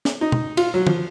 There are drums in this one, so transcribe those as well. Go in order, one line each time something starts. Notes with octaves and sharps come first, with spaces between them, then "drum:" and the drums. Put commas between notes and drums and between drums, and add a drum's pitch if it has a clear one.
drum: snare
D#4
drum: tom
F4, drum: cymbal
F#3
F3, drum: tom